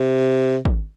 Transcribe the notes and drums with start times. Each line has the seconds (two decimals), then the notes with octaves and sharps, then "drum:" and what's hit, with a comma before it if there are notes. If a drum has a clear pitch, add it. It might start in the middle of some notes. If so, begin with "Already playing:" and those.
Already playing: C3
0.65 drum: kick